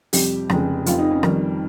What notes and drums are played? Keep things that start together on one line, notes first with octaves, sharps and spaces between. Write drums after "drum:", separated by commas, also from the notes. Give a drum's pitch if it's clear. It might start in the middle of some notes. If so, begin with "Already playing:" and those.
F2 C3 G3 G4, drum: open hi-hat
F1 F2 C#3 G#3, drum: rim click
F1 F2 C3 F4, drum: hi-hat
D#4
C#4
F2 D#3 G3 A#4, drum: rim click